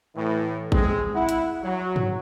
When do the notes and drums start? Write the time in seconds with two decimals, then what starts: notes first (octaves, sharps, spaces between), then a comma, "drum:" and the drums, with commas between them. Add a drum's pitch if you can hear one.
0.15 A2 E3
0.72 G#3 C4, drum: kick A1
1.14 E4 F#5
1.29 drum: hi-hat
1.63 F#3
1.96 drum: tom G2